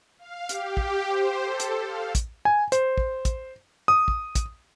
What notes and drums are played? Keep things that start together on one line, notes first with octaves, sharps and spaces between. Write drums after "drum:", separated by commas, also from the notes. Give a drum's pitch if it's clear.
F5
G4, drum: hi-hat
drum: kick
C5
A4
drum: hi-hat
F5
drum: kick, hi-hat
G#5
C5, drum: hi-hat
drum: kick
drum: kick, hi-hat
D#6
drum: kick
drum: kick, hi-hat